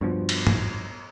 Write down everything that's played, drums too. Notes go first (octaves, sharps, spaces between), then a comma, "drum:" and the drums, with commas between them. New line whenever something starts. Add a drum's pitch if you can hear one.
G2 B2 F3
drum: cymbal
drum: tom